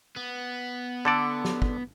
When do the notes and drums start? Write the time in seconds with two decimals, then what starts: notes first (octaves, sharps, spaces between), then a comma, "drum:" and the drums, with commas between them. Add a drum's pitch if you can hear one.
0.16 B3
1.05 D3 A4 D5
1.45 drum: snare
1.62 drum: kick